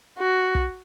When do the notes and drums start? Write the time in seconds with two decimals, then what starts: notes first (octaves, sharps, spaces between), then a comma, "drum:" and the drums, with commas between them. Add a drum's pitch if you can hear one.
0.19 F#4
0.55 drum: kick